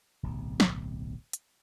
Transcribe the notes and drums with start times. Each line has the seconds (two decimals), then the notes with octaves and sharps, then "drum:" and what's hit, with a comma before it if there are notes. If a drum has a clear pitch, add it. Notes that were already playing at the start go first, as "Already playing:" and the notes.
0.23 D1 B1 C3
0.60 drum: snare
1.33 drum: hi-hat